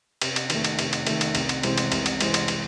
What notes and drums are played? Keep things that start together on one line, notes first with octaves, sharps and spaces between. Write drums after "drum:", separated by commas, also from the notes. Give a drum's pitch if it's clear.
C3, drum: cymbal
drum: cymbal
D#3 A3, drum: cymbal
drum: cymbal
C3, drum: cymbal
drum: cymbal
D#3 A3, drum: cymbal
drum: cymbal
C2, drum: cymbal
drum: cymbal
C3 E3 G#3 C4, drum: cymbal
drum: cymbal
C2, drum: cymbal
drum: cymbal
C3 E3 G#3 C4, drum: cymbal
drum: cymbal
drum: cymbal